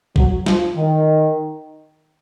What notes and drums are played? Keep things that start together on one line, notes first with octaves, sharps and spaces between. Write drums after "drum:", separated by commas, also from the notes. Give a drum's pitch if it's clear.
F#3, drum: kick
F3, drum: snare
D#3